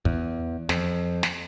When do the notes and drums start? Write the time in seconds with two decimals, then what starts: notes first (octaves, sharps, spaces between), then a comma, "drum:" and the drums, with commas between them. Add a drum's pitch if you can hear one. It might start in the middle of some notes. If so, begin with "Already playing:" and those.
0.05 E2, drum: kick
0.69 F2, drum: snare
1.23 drum: snare